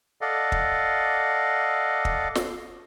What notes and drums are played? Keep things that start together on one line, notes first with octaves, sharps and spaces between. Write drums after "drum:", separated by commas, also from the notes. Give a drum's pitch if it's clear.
A4 D5 D#5 F5 F#5
drum: kick
drum: kick
drum: snare